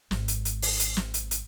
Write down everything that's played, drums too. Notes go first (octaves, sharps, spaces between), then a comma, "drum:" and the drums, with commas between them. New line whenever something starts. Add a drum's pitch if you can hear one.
G#1, drum: snare
drum: hi-hat
drum: hi-hat
drum: open hi-hat
drum: hi-hat
drum: snare
drum: hi-hat
drum: hi-hat